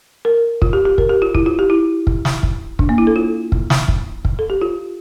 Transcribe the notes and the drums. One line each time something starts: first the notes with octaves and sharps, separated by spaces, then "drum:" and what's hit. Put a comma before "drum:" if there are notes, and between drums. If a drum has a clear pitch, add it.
A#4
F4, drum: kick
G4
G4
A#4, drum: kick
G4
F4
E4, drum: kick
F4
G4
E4
drum: kick
drum: snare
drum: kick
D4, drum: kick
A#3
E4
A4
F4
drum: kick
drum: snare
drum: kick
drum: kick
A4
G4
F4